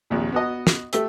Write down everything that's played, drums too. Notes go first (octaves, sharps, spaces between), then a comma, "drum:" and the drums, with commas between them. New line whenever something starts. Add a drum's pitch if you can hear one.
A#1 D#2 C3
B3 F#4 D#5
drum: snare
A3 G4 E5, drum: hi-hat